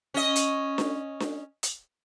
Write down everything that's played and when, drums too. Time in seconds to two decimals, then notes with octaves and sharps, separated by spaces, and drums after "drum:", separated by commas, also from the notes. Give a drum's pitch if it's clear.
0.14 C#4 D#5
0.36 drum: hi-hat
0.78 drum: snare D4
1.20 drum: snare D4
1.63 drum: hi-hat